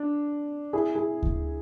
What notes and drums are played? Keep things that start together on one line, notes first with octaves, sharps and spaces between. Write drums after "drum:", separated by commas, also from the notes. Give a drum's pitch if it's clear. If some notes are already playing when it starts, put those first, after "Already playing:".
Already playing: D4
E4 G#4
E4 G#4
drum: kick D2